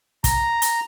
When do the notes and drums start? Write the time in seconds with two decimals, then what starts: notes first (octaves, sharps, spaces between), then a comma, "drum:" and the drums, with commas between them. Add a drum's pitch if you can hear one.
0.24 A#5, drum: kick, hi-hat
0.62 drum: hi-hat